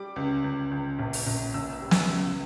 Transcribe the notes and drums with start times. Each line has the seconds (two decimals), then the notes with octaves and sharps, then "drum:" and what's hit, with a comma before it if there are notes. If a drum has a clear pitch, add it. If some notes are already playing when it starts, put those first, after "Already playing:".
Already playing: G3 D6
0.16 C#2
0.44 C#2
0.71 C#2
0.99 A#1
1.13 drum: open hi-hat
1.26 A#1
1.54 A#1 E6
1.73 E6
1.82 G3
1.91 E6, drum: snare
2.09 C#2